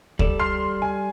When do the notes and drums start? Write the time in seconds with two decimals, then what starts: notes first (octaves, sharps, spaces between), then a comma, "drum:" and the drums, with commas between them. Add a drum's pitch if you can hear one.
0.19 G3 A4 D5, drum: kick D2
0.39 C6 F6 C7
0.82 G#5